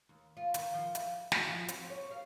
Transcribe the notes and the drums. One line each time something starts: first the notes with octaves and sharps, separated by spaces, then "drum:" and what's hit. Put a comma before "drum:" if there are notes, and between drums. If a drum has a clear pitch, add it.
D#2
F4
D#3, drum: hi-hat
F3
E5, drum: hi-hat
F#4, drum: snare
F3
C4, drum: hi-hat
C#5
F5